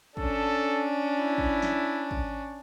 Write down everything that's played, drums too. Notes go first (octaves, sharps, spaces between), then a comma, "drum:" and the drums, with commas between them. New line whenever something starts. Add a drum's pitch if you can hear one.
C#4 D4 A4, drum: kick
E4
drum: kick
drum: snare
drum: kick